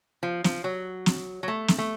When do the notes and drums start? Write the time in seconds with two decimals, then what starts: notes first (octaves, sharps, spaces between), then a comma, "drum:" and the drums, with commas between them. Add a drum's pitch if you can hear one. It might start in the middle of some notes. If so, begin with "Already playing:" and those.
0.23 F3
0.44 F3, drum: snare
0.64 F#3
1.06 drum: snare
1.43 F#3
1.48 A3
1.68 drum: snare
1.78 A3